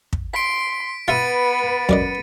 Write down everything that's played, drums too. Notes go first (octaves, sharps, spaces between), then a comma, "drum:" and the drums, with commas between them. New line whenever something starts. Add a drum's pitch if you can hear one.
drum: kick
C6 B6 D7
B3 F4 B4 E5 A6 C#7 D#7
F#2 D5 D#5, drum: kick